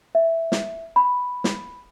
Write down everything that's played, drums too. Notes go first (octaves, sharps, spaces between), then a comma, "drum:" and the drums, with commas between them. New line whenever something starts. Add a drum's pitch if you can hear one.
E5
drum: snare
B5
drum: snare